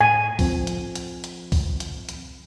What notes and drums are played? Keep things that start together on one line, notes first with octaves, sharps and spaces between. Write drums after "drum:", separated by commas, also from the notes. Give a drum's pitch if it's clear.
A2 G#5
F3 C4, drum: kick C2, open hi-hat
drum: hi-hat
drum: hi-hat
drum: hi-hat
drum: kick C2, open hi-hat
drum: hi-hat
drum: hi-hat